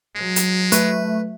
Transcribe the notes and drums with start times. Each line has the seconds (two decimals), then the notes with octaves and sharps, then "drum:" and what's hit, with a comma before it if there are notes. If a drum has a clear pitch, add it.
0.16 F#3 G#3
0.36 drum: hi-hat
0.72 A3 B4, drum: hi-hat